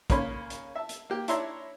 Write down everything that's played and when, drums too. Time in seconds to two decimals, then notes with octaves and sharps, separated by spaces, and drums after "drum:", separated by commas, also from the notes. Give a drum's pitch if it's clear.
0.10 C#3 A#3 C#4 B5 C6, drum: kick, hi-hat
0.50 drum: hi-hat
0.75 E5 A5
0.89 drum: hi-hat
1.10 A#3 G4
1.28 D4 E4 C#5 E5 A#5 C6, drum: hi-hat